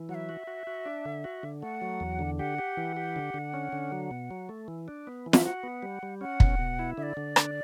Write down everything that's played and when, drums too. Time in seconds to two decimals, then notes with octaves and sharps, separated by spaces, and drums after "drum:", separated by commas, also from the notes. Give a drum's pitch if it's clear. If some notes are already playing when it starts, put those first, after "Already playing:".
Already playing: E3
0.09 F#3 F#5
0.15 E5
0.29 F#4
0.47 F#4
0.67 F#4
0.86 D4
1.05 D3
1.24 F#4
1.43 D3
1.62 A3 F#5
1.82 F#3
2.00 E2
2.19 D3
2.38 G4 F#5
2.58 G4
2.77 E3
2.96 G4
3.16 D3
3.34 D3
3.54 C#4
3.73 D3
3.92 F#3
4.11 B2
4.31 F#3
4.49 A3
4.68 E3
4.88 D4
5.07 B3
5.26 E3
5.33 E5, drum: snare
5.45 F#4 F#5
5.63 B3
5.82 G3
6.03 G3
6.21 C#4 F#5
6.40 B2, drum: kick
6.59 B2
6.79 E4
6.98 D3 E5
7.03 D5
7.17 D3
7.36 D4, drum: rim click